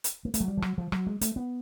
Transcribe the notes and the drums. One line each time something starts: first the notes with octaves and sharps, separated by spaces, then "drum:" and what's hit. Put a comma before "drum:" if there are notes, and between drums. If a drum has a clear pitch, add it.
drum: hi-hat
A#3
A3, drum: hi-hat
F#3
G3
F3
F#3, drum: rim click
F3
F#3, drum: rim click
G#3
A3, drum: hi-hat
B3